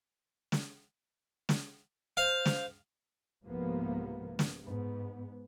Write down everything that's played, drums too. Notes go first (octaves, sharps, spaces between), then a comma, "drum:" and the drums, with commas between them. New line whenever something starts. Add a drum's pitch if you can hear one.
drum: snare
drum: snare
C5 F5
drum: snare
C2 G#2 C3 F3 A#3 B3
drum: snare
G#2 B3